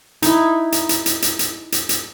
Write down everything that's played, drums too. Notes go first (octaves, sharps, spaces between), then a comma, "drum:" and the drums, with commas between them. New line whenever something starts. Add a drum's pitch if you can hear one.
D#4 E4, drum: hi-hat
drum: hi-hat
drum: hi-hat
drum: hi-hat
drum: hi-hat
drum: hi-hat
drum: hi-hat
drum: hi-hat